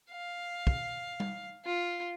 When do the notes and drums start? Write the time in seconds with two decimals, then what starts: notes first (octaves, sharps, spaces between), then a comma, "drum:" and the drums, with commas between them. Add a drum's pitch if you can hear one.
0.11 F5
0.67 drum: kick
1.20 drum: tom G3
1.65 F4